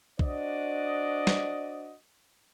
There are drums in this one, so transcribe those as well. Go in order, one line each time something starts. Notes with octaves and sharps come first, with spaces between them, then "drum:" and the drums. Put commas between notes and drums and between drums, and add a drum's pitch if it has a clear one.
D4 F#4 C5 D5 D#5, drum: kick B1
drum: snare